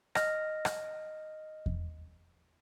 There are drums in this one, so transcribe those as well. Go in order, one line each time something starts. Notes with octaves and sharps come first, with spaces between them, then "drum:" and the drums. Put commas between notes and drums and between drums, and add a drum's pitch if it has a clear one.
D#5 F6 A#6, drum: rim click
drum: rim click
drum: kick E2